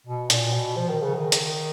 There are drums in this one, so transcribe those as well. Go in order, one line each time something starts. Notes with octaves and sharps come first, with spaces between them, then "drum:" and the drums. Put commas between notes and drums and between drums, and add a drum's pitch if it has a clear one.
B2
A#2, drum: hi-hat
B2
F3
D#3
C#3
D#3
drum: hi-hat